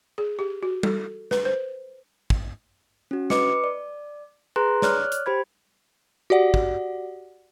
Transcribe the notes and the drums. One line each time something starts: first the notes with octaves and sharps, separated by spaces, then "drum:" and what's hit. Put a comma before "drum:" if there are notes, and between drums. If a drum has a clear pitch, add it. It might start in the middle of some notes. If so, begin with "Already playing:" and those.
G#4
G4
F#4
A4, drum: tom G3
B4, drum: snare
C5
drum: kick
C#4 F#4
B4 D#5 D6 C#7, drum: snare
D5
G#4 B4 A#5 C6 F#6
C#5 D5 F6 F#6, drum: snare
drum: hi-hat
G4 C5 B5 G#6
F#4 G4 D5 F#5
drum: kick